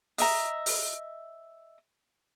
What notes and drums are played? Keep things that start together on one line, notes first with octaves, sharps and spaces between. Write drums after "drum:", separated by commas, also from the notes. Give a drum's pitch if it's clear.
D#5 E5 A#5, drum: open hi-hat
drum: open hi-hat